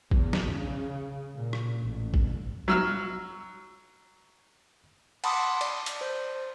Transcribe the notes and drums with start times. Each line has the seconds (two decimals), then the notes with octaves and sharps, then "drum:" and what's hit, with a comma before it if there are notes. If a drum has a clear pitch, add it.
0.11 E2, drum: kick
0.33 drum: snare
0.50 C#3
1.36 A#2
1.53 drum: rim click
1.82 A1
2.14 drum: kick
2.68 F#3 E6 F6
5.24 F#5 A5 B5 C6 D6 D#6, drum: cymbal
5.61 D5, drum: cymbal
5.86 drum: hi-hat
6.01 C5